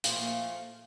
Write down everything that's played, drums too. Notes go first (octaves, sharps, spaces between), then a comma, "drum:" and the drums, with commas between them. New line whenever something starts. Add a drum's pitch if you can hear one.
A#2 F3 A3 A#3, drum: hi-hat